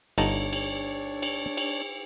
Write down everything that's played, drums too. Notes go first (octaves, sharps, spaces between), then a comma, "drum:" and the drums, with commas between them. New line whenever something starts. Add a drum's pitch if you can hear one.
G1 D4 D#4 C#5 A5, drum: cymbal
drum: cymbal
drum: cymbal
drum: cymbal